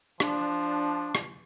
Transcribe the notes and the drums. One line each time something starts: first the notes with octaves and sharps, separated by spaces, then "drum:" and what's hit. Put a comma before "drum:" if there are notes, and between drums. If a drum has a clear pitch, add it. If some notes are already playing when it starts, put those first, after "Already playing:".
F3 D4, drum: rim click
drum: rim click